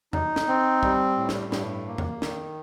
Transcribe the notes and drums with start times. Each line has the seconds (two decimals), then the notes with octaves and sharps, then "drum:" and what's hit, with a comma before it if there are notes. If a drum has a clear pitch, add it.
0.13 D#4, drum: tom E2
0.36 drum: snare
0.48 C4
0.83 G3, drum: kick
1.17 A2
1.29 drum: snare
1.52 G2, drum: snare
1.87 A#3
1.98 drum: tom E2
2.22 D#3, drum: snare